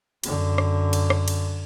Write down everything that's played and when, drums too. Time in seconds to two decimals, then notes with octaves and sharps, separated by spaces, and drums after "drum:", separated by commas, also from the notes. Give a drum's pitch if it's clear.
0.24 F#2 D3, drum: cymbal
0.58 drum: rim click
0.93 drum: cymbal
1.10 drum: rim click
1.28 drum: cymbal